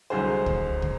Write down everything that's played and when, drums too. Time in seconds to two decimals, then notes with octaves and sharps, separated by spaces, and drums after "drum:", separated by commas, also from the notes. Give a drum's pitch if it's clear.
0.10 C2 D3 F#3 G#3 G#4 C5
0.46 drum: kick
0.82 drum: kick